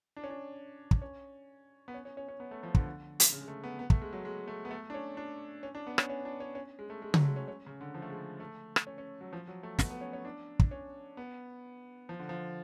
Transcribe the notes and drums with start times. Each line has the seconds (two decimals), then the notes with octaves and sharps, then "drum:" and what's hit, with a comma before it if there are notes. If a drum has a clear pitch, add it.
0.16 D4
0.24 C#4
0.30 D4
0.91 drum: kick
1.02 C#4
1.88 B3
1.94 C#4
2.05 C#4
2.17 C#4
2.28 C#4
2.40 B3
2.51 A3
2.63 F3
2.75 D3, drum: kick
3.20 drum: hi-hat
3.32 C#3
3.41 G#3
3.48 A3
3.64 B3
3.79 B3
3.90 A3, drum: kick
4.02 G#3
4.13 F#3
4.25 G#3
4.48 A3
4.65 B3
4.71 A3
4.90 D4
4.94 C#4
5.17 D4
5.63 C#4
5.75 D4
5.87 B3
5.98 C#4, drum: rim click
6.09 C#4
6.25 D4
6.40 C#4
6.55 C#4
6.79 G#3
6.90 A3
7.02 G#3
7.14 F#3, drum: tom C#3
7.20 A3
7.25 G#3
7.36 C#4
7.48 C#4
7.67 C#3
7.81 D3
7.94 F3
8.02 A3
8.10 G#3
8.40 A3
8.76 drum: rim click
8.87 C#4
8.98 C#4
9.21 F#3
9.33 F3
9.48 F#3
9.63 A3
9.79 B3, drum: snare
9.90 B3
10.01 C#4
10.13 C#4
10.25 D4
10.59 drum: kick
10.71 C#4
11.17 B3
12.09 F3
12.19 D3
12.29 F3